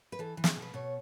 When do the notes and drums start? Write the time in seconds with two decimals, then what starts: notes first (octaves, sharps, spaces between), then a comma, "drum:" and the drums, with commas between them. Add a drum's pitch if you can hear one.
0.12 B4
0.19 E3 A4
0.37 E3
0.44 G#4, drum: snare
0.56 B2
0.62 B4
0.74 B2 C#5